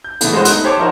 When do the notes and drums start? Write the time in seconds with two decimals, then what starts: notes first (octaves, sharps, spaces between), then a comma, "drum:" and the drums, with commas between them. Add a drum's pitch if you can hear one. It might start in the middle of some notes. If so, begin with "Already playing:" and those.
0.04 G6
0.21 B2 E3 A3 B3, drum: hi-hat
0.32 G3 G#3 B3 F#4 C5
0.45 A3 D#4 F#6, drum: hi-hat
0.64 G4 C5 C#5 A5 C6 D6
0.77 F3 D#4 E4 F#4 A#4 C5